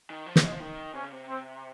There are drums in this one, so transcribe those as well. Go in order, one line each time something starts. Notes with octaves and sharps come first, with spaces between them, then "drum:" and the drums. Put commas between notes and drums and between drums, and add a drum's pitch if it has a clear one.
D#3
F3
F#3, drum: snare
G#3
F3
D#3
C3 C#4
C#3
C3
C4